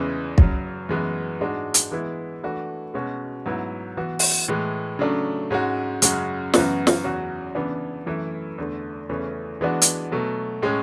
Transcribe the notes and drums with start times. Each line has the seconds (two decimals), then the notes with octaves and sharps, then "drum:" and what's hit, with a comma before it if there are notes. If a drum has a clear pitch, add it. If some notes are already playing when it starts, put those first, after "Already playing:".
Already playing: E2 C#3 E3 G#3
0.38 F#2 C#3 F#3, drum: kick
0.89 F#2 E3 G#3 B3
1.40 G#2 G#3 D4 F#4
1.74 drum: hi-hat
1.91 E3 G#3 B3 E4
2.43 E3 A3 D4 F#4
2.94 B2 G#3 C#4 F#4
3.46 G#2 F#3 B3 E4
3.97 E3 B3 F#4
4.19 drum: open hi-hat
4.48 A2 E3 G#3
4.99 C#3 F#3 A3 D4
5.51 G#2 G#3 C#4 F#4
6.02 F#2 C#3 G#3 C#4 F#4, drum: hi-hat
6.54 F#2 C#3 E3 B3 F#4, drum: snare
6.87 drum: snare
7.04 E2 C#3 F#3 C#4 F#4
7.55 C#3 E3 B3 D4
8.06 F#2 E3 A3 E4
8.58 E2 D3 A3
9.09 E2 C#3 E3 A3 C#4
9.61 E3 G#3 B3 D4 F#4
9.82 drum: hi-hat
10.12 B2 F#3 A3
10.62 A2 G#3 C#4